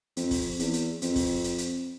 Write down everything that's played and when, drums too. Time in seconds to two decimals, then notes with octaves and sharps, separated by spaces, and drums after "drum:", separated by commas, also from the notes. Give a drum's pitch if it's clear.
0.17 F2, drum: hi-hat
0.31 drum: kick, open hi-hat
0.59 E2, drum: hi-hat
0.73 drum: hi-hat
1.02 F2, drum: hi-hat
1.16 drum: kick, open hi-hat
1.44 drum: hi-hat
1.58 drum: hi-hat